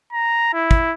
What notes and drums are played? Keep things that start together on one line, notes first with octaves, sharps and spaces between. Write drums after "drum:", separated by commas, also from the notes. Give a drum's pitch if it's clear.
A#5
E4
drum: kick